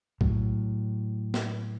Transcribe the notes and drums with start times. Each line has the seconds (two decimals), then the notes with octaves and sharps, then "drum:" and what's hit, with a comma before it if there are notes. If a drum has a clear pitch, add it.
0.21 A2 F#3, drum: kick B1
1.34 drum: snare